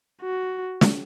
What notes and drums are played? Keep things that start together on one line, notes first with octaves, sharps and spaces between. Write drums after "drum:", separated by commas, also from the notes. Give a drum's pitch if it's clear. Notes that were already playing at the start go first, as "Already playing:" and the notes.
F#4
drum: snare